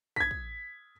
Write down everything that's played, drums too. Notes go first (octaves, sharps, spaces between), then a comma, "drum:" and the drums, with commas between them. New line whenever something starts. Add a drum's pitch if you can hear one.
G#6 B6, drum: kick
drum: kick